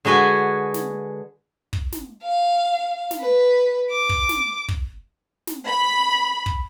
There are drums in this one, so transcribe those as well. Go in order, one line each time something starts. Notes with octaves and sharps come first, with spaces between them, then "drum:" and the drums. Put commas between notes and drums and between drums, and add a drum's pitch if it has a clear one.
D3 G#3 F#4 B4 G#5
drum: snare
drum: kick
drum: snare
F5
drum: snare
B4
D6
drum: kick
drum: snare
drum: kick
drum: snare
B5
drum: kick